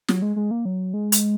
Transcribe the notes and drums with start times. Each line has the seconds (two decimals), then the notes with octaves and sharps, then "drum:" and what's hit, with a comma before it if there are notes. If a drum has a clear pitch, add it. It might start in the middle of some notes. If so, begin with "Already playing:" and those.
0.08 F#3, drum: snare
0.22 G#3
0.36 G#3
0.51 A#3
0.65 F#3
0.94 G#3
1.12 drum: hi-hat